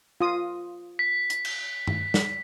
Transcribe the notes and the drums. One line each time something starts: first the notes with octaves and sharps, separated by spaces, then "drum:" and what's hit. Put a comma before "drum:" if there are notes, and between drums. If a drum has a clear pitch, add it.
F4 D#6
B6
drum: hi-hat
drum: cymbal
drum: tom G2
drum: snare